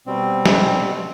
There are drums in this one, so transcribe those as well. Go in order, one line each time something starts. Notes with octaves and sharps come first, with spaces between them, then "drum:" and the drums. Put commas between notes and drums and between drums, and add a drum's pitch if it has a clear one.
B2 G3 C4
drum: snare